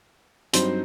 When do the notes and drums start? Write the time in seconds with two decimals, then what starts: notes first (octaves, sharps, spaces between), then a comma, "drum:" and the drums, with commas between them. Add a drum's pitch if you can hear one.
0.53 G2 F#3 C4 D#4 C5, drum: hi-hat